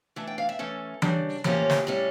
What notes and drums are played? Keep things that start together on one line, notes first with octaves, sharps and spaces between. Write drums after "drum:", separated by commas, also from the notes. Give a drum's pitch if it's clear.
E3 A3 D4 E5
G5
F5
E5
E3 A3 C#4 A4
C#3 G3 D4, drum: tom E3
A2 F3 A#3 C#4 G4, drum: tom E3
drum: snare
A2 G3 C#4